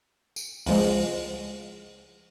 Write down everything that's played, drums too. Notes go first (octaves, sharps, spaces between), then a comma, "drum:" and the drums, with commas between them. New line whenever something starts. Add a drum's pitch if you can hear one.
drum: tambourine
C#2 F3 G#3, drum: open hi-hat